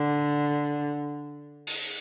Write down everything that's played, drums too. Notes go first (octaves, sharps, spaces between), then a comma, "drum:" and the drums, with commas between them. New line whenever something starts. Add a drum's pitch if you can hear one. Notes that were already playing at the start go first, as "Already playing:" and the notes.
Already playing: D3
drum: open hi-hat